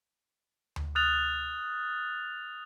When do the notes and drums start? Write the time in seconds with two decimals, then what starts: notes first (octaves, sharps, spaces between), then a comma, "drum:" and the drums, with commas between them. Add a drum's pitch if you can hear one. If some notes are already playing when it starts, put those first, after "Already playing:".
0.76 drum: tom D2
0.95 D#6 F6 F#6 A6 F7